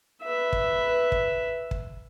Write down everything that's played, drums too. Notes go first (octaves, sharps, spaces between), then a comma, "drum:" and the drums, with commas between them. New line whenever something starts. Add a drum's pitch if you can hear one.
B4 E5
drum: kick
drum: kick
drum: kick